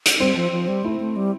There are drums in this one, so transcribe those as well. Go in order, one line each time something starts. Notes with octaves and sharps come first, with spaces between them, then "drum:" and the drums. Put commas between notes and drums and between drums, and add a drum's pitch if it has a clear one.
drum: hi-hat
G3 C4
F3
F3
G3
A3 E4
A3
G3